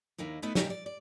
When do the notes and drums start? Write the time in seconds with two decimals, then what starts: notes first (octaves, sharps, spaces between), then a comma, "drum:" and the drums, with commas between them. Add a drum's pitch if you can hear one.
0.18 D#2 A#3 D#4 E4
0.42 A3 B3 D#4 E4 B4
0.55 D#2 C#3 G3 D#4 E5, drum: snare
0.70 D5
0.86 D5